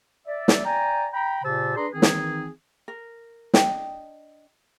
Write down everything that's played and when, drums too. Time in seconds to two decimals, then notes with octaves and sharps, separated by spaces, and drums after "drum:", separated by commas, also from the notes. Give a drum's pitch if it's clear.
0.27 D5 E5
0.48 drum: snare
0.65 D5 G5 G#5 A#5
1.13 G5 A#5 B5
1.44 A#2 C#3 G4 C5 A5 E6
1.77 D4 G#4 B4 D5 A#5 C6
1.93 D#3 E3 C4 D#4 G#4
2.02 drum: snare
2.88 A#4
3.54 D4 D#5 G5, drum: snare